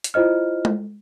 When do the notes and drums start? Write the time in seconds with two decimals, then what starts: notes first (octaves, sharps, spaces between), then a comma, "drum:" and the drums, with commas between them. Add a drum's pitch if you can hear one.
0.04 drum: hi-hat
0.14 E4 F4 C5 D#5 F6
0.65 drum: tom G#3